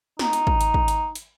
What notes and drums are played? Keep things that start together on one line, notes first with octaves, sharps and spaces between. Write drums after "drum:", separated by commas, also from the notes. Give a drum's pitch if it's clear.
D#4, drum: snare
drum: hi-hat
drum: kick
drum: hi-hat
drum: kick
drum: hi-hat
drum: hi-hat